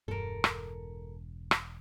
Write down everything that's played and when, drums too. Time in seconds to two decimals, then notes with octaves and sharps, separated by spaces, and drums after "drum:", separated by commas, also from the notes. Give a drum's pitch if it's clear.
0.08 E1 G2 A4 A#4
0.44 drum: rim click
1.51 drum: rim click